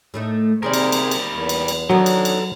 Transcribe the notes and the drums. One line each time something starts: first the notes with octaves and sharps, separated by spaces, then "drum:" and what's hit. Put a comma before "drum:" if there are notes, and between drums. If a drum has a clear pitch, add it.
A2 A3 D#4
C3 D#3 G3 A#3 G#4 A#4 C5 D5
drum: cymbal
drum: cymbal
drum: cymbal
E2
drum: cymbal
drum: cymbal
E2 D#3 F#3 B3 D4 A4 C#5 A#5
drum: cymbal
drum: cymbal